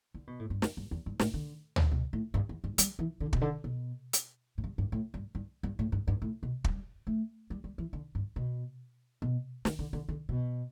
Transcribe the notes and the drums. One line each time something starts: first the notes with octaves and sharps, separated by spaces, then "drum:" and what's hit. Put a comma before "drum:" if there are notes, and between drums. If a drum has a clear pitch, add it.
D3
B2
A2
G2
E2, drum: snare
G2
E2
G2
A2, drum: snare
D3
drum: tom
B2
A2
G2
E2
G2
G3, drum: hi-hat
E3
D3
B2, drum: kick
D3
B2
drum: hi-hat
A2
G2
G2
A2
G2
G2
G2
A2
G2
G2
A2
B2
G3, drum: kick
A3
G3
G3
E3
D3
G2
B2
B2
D3, drum: snare
D3
D3
D3
B2